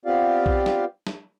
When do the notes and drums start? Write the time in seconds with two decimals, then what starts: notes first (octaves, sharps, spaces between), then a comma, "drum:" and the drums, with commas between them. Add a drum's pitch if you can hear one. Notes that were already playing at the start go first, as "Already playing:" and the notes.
0.05 B3 C4 F4 G4 D5 F5
0.46 drum: kick B1
0.66 drum: snare
1.07 drum: snare